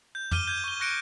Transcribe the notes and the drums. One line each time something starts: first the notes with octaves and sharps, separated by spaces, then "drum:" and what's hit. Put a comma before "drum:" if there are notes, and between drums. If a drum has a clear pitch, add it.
G6
D6 F6 D#7 G7, drum: tom
G6 G#6
C#6 G7
C#6 F#6 A#6 C#7 D7